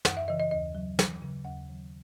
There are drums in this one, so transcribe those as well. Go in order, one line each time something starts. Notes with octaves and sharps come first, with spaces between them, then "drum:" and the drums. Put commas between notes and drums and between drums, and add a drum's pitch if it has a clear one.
F#2 F#5, drum: snare
E5
C#3 E3 D#5
D#5
D#2 D#5
C#3 F#3
D#2, drum: snare
C#3 F#3
D#2 F#5
D#3 F#3